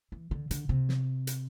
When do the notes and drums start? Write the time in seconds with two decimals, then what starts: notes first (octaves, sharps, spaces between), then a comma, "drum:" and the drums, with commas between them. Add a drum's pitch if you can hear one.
0.12 E3
0.31 D3
0.51 D3, drum: hi-hat
0.69 C3
0.89 drum: snare
1.27 drum: hi-hat